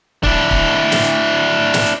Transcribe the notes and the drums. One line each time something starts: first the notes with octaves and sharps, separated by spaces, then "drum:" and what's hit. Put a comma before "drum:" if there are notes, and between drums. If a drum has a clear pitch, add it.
D4 E4, drum: kick C#1
drum: kick C#1
drum: snare
drum: snare